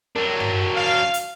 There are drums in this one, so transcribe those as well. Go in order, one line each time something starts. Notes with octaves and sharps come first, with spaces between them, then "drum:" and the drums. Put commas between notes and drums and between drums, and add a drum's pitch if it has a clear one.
F#3 D4 A#4
drum: tom G2
F5
drum: hi-hat